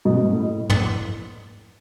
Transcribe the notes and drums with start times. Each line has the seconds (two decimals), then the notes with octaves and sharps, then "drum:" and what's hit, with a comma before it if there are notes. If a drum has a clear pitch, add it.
0.05 G#2 B2
0.23 G#2
0.33 A2
0.70 drum: tom